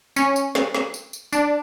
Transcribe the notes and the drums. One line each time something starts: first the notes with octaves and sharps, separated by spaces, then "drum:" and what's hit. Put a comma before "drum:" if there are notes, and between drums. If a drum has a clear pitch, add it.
C#4, drum: tambourine
drum: tambourine
drum: snare
drum: snare
drum: tambourine
drum: tambourine
D4, drum: tambourine